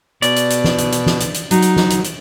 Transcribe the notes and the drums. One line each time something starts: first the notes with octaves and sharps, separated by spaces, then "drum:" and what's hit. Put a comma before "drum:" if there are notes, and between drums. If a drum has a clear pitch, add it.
B2 D5, drum: hi-hat
drum: hi-hat
drum: hi-hat
drum: snare
drum: hi-hat
drum: hi-hat
drum: snare
drum: hi-hat
drum: hi-hat
F#3 D#4, drum: hi-hat
drum: hi-hat
drum: snare
drum: hi-hat
drum: hi-hat